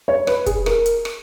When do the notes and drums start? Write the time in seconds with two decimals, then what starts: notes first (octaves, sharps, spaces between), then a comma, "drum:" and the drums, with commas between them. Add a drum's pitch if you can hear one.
0.08 C#5
0.27 B4, drum: rim click
0.46 G#4, drum: kick, hi-hat
0.66 A#4, drum: rim click
0.86 drum: hi-hat
1.05 drum: rim click